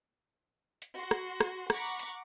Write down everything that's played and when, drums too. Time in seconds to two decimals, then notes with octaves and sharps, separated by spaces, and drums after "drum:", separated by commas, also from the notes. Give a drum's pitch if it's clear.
0.82 drum: hi-hat
0.96 F#4 C6
1.11 drum: rim click
1.41 drum: rim click
1.70 F#5 A#5 B5 C#6 D6, drum: rim click
1.99 drum: hi-hat